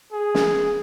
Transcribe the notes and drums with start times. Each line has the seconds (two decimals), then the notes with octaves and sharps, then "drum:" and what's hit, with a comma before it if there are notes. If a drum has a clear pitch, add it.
0.13 G#4
0.35 drum: snare